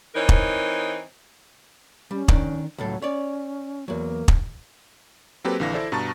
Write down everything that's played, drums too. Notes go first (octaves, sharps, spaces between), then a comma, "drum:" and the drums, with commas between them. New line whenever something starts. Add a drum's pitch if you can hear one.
E3 C4 D#4 A#4 C#5
drum: kick
G3 C#4
D#3 D4, drum: kick
C#2 A2 F#3 A4
C#4 C#5 D5
E2 F#3 A#3
drum: kick
F#3 A#3 C4 G4 A4 B4
A#1 D3 E3 F5 A#6
E4 A4 C5 D5
G2 B2 A5 A#5 C#6 A6